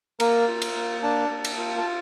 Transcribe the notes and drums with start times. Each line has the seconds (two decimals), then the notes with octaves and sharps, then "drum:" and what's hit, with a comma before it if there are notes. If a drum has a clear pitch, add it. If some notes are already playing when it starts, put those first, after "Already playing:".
0.20 A#3 A#4, drum: cymbal
0.48 F4
0.62 drum: cymbal
0.75 A#3
1.03 D4 A5
1.31 A#3
1.45 drum: cymbal
1.58 F4
1.78 A5